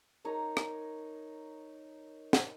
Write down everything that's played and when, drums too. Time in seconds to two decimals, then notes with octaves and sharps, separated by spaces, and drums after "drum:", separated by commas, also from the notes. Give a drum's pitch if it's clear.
0.25 D#4 A#4 C#5 A#5
0.57 drum: rim click
2.33 drum: snare